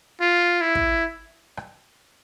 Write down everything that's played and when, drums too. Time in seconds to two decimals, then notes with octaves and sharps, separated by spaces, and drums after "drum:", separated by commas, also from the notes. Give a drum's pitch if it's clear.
0.21 F4
0.61 E4
0.75 drum: kick
1.57 drum: rim click